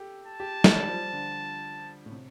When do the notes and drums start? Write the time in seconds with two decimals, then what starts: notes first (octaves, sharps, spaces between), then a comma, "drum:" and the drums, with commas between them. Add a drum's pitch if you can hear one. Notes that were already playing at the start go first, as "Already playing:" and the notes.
Already playing: G4 A4
0.27 A5
0.40 G4
0.64 G3, drum: snare
0.88 F3
1.13 D3
2.06 A2
2.12 C3